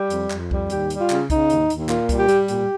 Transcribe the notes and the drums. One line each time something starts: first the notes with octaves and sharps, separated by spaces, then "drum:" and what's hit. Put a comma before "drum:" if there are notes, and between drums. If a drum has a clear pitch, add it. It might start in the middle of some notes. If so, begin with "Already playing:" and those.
Already playing: G3 G4
F2, drum: hi-hat
F2, drum: clap
G3, drum: kick C2
D#2 G4, drum: hi-hat
G3, drum: hi-hat
F4
C#3, drum: clap
C#3 D#4, drum: kick C2, hi-hat
D#2, drum: hi-hat
D#2, drum: hi-hat
A#2 F4, drum: clap
G3, drum: kick C2, hi-hat
G4
G3, drum: hi-hat
A#2 G4, drum: hi-hat